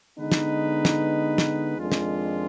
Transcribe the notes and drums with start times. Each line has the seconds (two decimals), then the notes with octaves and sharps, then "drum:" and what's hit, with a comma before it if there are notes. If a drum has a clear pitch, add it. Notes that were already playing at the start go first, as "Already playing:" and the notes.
0.18 D3 G#3 B3 D#4 B4
0.32 drum: snare
0.85 drum: snare
1.38 drum: snare
1.78 F2 D#3 G#3 D4 F4
1.92 drum: snare